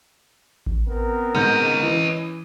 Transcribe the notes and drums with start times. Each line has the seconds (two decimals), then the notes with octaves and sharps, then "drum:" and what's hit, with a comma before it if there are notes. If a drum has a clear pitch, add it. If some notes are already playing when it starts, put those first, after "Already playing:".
0.66 drum: kick A1
0.88 B3 C4 A#4
1.35 G#2 C#4 D#5 G6, drum: tom
1.83 E3